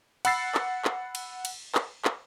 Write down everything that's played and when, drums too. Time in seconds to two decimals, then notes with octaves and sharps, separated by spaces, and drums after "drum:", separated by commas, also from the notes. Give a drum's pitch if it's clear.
0.25 F#5 B5 E6 A6 C7, drum: cymbal
0.55 drum: clap
0.85 drum: clap
1.15 drum: cymbal
1.45 drum: cymbal
1.75 drum: clap
2.05 drum: clap